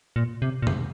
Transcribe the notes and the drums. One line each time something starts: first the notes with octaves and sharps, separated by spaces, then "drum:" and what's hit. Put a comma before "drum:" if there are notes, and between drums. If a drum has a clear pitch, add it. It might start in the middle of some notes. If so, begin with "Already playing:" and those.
A#2
C3
A#2
C3, drum: tom F2